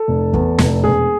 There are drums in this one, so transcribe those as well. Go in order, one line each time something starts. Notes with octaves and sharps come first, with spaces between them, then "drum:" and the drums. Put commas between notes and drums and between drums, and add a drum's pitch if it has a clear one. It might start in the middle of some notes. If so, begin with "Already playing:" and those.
Already playing: A4
F1
E2, drum: kick
F1, drum: snare
E1 G#4